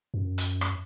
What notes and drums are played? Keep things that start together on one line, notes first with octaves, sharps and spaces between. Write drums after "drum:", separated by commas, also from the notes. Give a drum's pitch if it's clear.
F#2
drum: hi-hat
drum: rim click